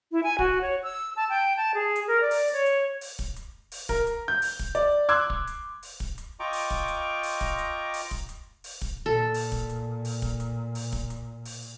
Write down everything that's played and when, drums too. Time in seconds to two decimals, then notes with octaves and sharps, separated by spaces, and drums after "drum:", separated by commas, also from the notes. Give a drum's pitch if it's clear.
0.12 E4
0.23 G#5
0.39 F#4, drum: kick
0.61 C#5
0.83 E6
1.16 A5
1.29 G5
1.57 A5
1.74 G#4
1.96 drum: hi-hat
2.08 A#4
2.21 D5
2.31 drum: open hi-hat
2.53 C#5
2.66 drum: hi-hat
3.01 drum: open hi-hat
3.19 drum: kick
3.36 drum: hi-hat
3.72 drum: open hi-hat
3.89 A#4, drum: kick
4.07 drum: hi-hat
4.28 G6
4.42 drum: open hi-hat
4.59 drum: kick
4.75 D5, drum: hi-hat
5.09 C6 D6 E6 F#6 G#6
5.30 drum: kick
5.47 drum: hi-hat
5.83 drum: open hi-hat
6.00 drum: kick
6.18 drum: hi-hat
6.40 F4 D#5 G5 A#5 C#6 D6
6.53 drum: open hi-hat
6.71 drum: kick
6.88 drum: hi-hat
7.23 drum: open hi-hat
7.41 drum: kick
7.58 drum: hi-hat
7.94 drum: open hi-hat
8.11 drum: kick
8.29 drum: hi-hat
8.64 drum: open hi-hat
8.82 drum: kick
9.06 A#2 A4
9.34 drum: open hi-hat
9.52 drum: kick
9.69 drum: hi-hat
10.05 drum: open hi-hat
10.22 drum: kick
10.40 drum: hi-hat
10.75 drum: open hi-hat
10.93 drum: kick
11.10 drum: hi-hat
11.45 drum: open hi-hat